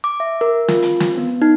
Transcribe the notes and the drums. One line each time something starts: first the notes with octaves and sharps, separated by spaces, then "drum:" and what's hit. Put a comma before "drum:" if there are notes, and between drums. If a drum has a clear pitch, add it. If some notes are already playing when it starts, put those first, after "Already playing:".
D6
E5
A#4
F4, drum: snare
drum: hi-hat
drum: snare
B3
D#4